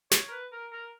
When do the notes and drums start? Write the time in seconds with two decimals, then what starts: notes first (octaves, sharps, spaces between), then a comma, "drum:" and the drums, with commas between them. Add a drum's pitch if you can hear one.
0.11 C#5, drum: snare
0.28 A#4
0.32 B4
0.52 A#4
0.72 A#4